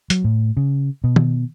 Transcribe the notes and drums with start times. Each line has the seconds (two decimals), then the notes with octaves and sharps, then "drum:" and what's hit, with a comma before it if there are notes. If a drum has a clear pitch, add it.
0.10 F#3, drum: hi-hat
0.24 A2
0.57 C#3
1.04 B2
1.16 drum: tom D#3